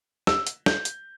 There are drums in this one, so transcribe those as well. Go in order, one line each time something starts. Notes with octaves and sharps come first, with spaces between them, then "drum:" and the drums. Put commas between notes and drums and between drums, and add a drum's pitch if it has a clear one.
E6, drum: snare
drum: hi-hat
G6, drum: snare
drum: hi-hat